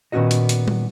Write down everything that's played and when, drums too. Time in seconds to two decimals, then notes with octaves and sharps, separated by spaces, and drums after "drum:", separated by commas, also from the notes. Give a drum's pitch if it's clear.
0.12 A#2 D#3 B3 C#4 F#4 D#5
0.31 drum: hi-hat
0.49 drum: hi-hat
0.68 drum: tom G3